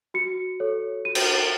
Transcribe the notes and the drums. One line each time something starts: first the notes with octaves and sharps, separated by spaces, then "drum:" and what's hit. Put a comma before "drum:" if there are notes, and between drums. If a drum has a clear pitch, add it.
F#4 C#7
A4 C#5
F#4 D#7
drum: cymbal